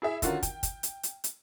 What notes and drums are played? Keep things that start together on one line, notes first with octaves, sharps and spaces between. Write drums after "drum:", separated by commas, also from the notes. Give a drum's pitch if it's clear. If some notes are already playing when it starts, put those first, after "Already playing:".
E4 G#4 E5
D3 D#3 C#4 F4 F#4 A#4, drum: kick, hi-hat
G5, drum: kick, hi-hat
drum: kick, hi-hat
drum: hi-hat
drum: hi-hat
drum: hi-hat